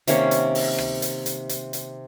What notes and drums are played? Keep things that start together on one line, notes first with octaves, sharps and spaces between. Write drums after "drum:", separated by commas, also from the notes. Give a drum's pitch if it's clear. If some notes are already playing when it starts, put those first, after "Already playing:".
C3 D#3 A#3 C#4, drum: hi-hat
drum: hi-hat
drum: open hi-hat
drum: rim click
drum: hi-hat
drum: hi-hat
drum: hi-hat
drum: hi-hat